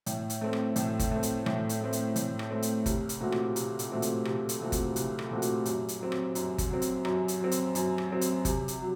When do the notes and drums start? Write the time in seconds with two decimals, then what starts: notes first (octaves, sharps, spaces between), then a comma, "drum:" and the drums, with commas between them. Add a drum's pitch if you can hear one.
0.06 A2, drum: hi-hat
0.30 drum: hi-hat
0.41 A3 C4
0.53 drum: rim click
0.76 A2, drum: hi-hat
0.99 drum: kick G1, hi-hat
1.11 A3 C4
1.23 drum: hi-hat
1.46 A2, drum: rim click
1.69 drum: hi-hat
1.81 A3 C4
1.93 drum: hi-hat
2.16 A2, drum: hi-hat
2.39 drum: rim click
2.51 A3 C4
2.62 drum: hi-hat
2.86 C2, drum: kick G1, hi-hat
3.09 drum: hi-hat
3.21 A#2 A3 C4 F#4
3.32 drum: rim click
3.56 C2, drum: hi-hat
3.79 drum: hi-hat
3.90 A#2 A3 C4 F#4
4.02 drum: hi-hat
4.25 C2, drum: rim click
4.49 drum: hi-hat
4.61 A#2 A3 C4 F#4
4.72 drum: kick G1, hi-hat
4.96 C2, drum: hi-hat
5.19 drum: rim click
5.30 A#2 A3 C4 F#4
5.42 drum: hi-hat
5.65 F#2, drum: hi-hat
5.88 drum: hi-hat
6.00 F#3 C4
6.12 drum: rim click
6.35 F#2, drum: hi-hat
6.58 drum: kick G1, hi-hat
6.70 F#3 C4
6.82 drum: hi-hat
7.05 F#2, drum: rim click
7.28 drum: hi-hat
7.40 F#3 C4
7.52 drum: hi-hat
7.75 F#2, drum: hi-hat
7.98 drum: rim click
8.10 F#3 C4
8.21 drum: hi-hat
8.45 C3, drum: kick G1, hi-hat
8.68 drum: hi-hat
8.80 F#3